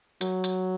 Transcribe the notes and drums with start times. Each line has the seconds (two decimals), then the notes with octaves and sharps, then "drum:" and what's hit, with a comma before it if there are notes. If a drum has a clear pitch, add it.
0.21 F#3, drum: hi-hat
0.44 drum: hi-hat